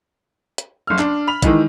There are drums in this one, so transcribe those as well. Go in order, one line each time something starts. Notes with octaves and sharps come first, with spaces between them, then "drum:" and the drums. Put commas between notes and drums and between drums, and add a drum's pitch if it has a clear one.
drum: hi-hat
F#1 F6
D4, drum: clap
B5 F7
D#3 E3 G#3 D#4, drum: kick A#1, hi-hat